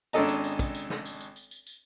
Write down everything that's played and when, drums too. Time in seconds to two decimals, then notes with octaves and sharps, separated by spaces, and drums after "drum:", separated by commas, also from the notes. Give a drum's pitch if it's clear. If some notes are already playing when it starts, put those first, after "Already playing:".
0.13 G#1 C#4 D4 A4 D#5 A#5, drum: tambourine
0.29 drum: tambourine
0.44 drum: tambourine
0.59 drum: kick, tambourine
0.75 drum: tambourine
0.90 drum: snare
1.05 drum: tambourine
1.21 drum: tambourine
1.36 drum: tambourine
1.51 drum: tambourine
1.67 drum: tambourine